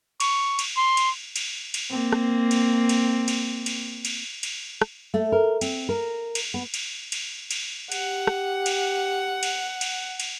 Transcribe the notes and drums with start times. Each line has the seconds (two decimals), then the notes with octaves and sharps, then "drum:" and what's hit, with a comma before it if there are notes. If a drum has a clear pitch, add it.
0.20 C#6, drum: cymbal
0.59 drum: cymbal
0.77 C6
0.97 drum: cymbal
1.36 drum: cymbal
1.74 drum: cymbal
1.90 A#3 C4
2.12 drum: rim click
2.51 drum: cymbal
2.89 drum: cymbal
3.28 drum: cymbal
3.66 drum: cymbal
4.05 drum: cymbal
4.43 drum: cymbal
4.82 drum: rim click
5.14 A3
5.32 A#4
5.61 C4, drum: cymbal
5.89 A#4
6.35 drum: cymbal
6.54 B3
6.74 drum: cymbal
7.12 drum: cymbal
7.51 drum: cymbal
7.92 G4 F#5, drum: cymbal
8.27 drum: rim click
8.66 drum: cymbal
9.43 drum: cymbal
9.81 drum: cymbal
10.20 drum: cymbal